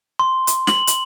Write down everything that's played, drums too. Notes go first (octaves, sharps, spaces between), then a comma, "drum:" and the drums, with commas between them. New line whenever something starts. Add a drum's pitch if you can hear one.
C6
drum: hi-hat
F#7, drum: snare
drum: hi-hat